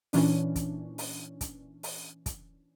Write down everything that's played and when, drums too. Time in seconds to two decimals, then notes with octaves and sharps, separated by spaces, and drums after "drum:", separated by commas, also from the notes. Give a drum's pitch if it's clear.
0.13 A#2 E3 C#4 D4, drum: open hi-hat
0.56 drum: kick, hi-hat
0.98 drum: open hi-hat
1.41 drum: kick, hi-hat
1.83 drum: open hi-hat
2.26 drum: kick, hi-hat